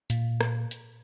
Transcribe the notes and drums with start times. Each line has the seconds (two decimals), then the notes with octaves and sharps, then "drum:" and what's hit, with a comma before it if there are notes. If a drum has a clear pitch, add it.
0.10 A#2, drum: hi-hat
0.41 drum: rim click
0.71 drum: hi-hat